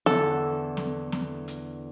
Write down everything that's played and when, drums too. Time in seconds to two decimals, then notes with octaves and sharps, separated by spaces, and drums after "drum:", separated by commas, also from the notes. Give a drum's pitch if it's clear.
0.06 E2 D3 E3 A4, drum: snare
0.77 drum: snare
1.12 drum: snare
1.48 drum: hi-hat